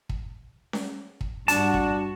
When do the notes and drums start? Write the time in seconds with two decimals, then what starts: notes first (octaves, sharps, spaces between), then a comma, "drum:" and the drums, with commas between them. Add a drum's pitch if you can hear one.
0.09 drum: kick
0.73 drum: snare C#4
1.21 drum: kick
1.48 G2 D4 F#4 A5, drum: hi-hat
1.74 drum: kick